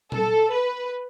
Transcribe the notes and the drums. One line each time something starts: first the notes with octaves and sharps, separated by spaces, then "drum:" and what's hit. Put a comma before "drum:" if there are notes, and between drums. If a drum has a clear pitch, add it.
A4, drum: tom
B4